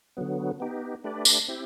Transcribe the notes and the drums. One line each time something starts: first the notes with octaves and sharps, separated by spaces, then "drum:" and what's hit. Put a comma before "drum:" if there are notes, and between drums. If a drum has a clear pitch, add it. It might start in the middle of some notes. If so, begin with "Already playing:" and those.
D3 F#3 B3
B3 D#4 G4
A3 D4 G4 B4 D5
drum: tambourine
C4 E4 G4